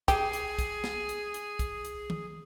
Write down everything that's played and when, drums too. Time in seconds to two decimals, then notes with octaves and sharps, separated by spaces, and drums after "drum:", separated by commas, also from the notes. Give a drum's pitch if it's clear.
0.08 G4 G#4, drum: kick, hi-hat
0.33 drum: hi-hat
0.59 drum: kick, hi-hat
0.84 drum: snare
1.09 drum: hi-hat
1.34 drum: hi-hat
1.59 drum: kick, hi-hat
1.85 drum: hi-hat
2.10 drum: tom D#3